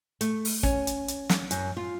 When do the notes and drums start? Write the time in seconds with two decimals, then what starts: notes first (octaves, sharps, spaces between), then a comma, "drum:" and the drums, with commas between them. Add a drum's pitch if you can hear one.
0.21 A3, drum: hi-hat
0.45 drum: open hi-hat
0.63 C#4, drum: kick
0.87 drum: hi-hat
1.08 drum: hi-hat
1.29 drum: snare
1.51 F#2, drum: hi-hat
1.77 F4